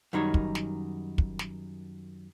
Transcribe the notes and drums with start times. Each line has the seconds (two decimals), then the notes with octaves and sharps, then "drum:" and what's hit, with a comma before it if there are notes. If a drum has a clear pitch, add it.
0.13 F#2 D#3 G3 D#4 C#5
0.34 drum: kick
0.55 drum: snare
1.18 drum: kick
1.39 drum: snare